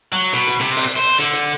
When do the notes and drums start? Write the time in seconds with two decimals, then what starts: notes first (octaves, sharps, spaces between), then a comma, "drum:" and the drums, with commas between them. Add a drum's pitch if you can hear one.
0.13 F#3
0.33 B2, drum: hi-hat
0.47 drum: hi-hat
0.60 C3, drum: hi-hat
0.76 drum: open hi-hat
0.97 C5
1.19 D3, drum: hi-hat
1.33 drum: hi-hat